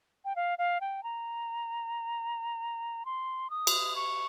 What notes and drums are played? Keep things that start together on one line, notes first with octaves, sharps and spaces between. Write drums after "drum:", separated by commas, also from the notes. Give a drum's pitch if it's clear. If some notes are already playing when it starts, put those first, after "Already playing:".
G5
F5
F5
G5
A#5
C6
D#6
drum: cymbal
C#6